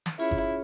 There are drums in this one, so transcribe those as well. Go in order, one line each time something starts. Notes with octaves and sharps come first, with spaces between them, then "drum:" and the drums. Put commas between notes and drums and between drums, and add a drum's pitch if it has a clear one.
drum: snare
C#4 E4 F4 G#4 C#5
drum: kick G1